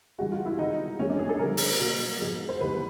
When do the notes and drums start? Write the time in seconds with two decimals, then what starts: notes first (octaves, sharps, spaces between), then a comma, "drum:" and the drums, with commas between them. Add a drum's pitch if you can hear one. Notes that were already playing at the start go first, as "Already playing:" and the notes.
0.18 G2 E3 G#3 F#4
0.32 F4
0.46 E4
0.59 C3 D#3 G#3 D#4
0.99 G2 D#3 F#3 A3 C#4
1.10 D4
1.19 G#4
1.29 A4
1.39 G2 D3 F3 A#4
1.57 drum: open hi-hat
1.80 B2 F#3 A#3
2.21 G#2 F3 G#3
2.49 C5
2.61 E2 C3 D#3 G3 A#3 B4